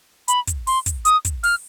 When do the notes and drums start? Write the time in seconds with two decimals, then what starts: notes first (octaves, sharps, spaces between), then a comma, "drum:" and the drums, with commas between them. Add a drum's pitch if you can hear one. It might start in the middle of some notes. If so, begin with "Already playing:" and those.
0.28 B5, drum: hi-hat
0.47 drum: kick, hi-hat
0.67 C6, drum: open hi-hat
0.86 drum: kick, hi-hat
1.05 D#6, drum: hi-hat
1.25 drum: kick, hi-hat
1.43 F6, drum: open hi-hat